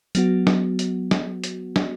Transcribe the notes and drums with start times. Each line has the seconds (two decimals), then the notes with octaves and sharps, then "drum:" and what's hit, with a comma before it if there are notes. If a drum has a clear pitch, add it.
0.15 F#3 B3 F#4, drum: hi-hat
0.47 drum: snare
0.79 drum: hi-hat
1.11 drum: snare
1.44 drum: hi-hat
1.76 drum: snare